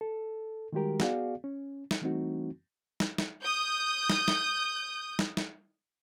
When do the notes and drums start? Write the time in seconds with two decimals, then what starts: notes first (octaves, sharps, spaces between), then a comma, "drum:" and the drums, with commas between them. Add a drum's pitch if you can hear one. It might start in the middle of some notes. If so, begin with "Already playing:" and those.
0.01 A4
0.73 D#3 G3 G#3 F#4 G4 A#4
1.00 B3 F#4 G#4 D5 F5, drum: snare
1.44 C#4
1.91 drum: snare
2.02 E3 G3 A3 C4 D#4 F#4
3.00 drum: snare
3.18 drum: snare
3.41 D#6 G6
4.10 drum: snare
4.28 drum: snare
5.19 drum: snare
5.37 drum: snare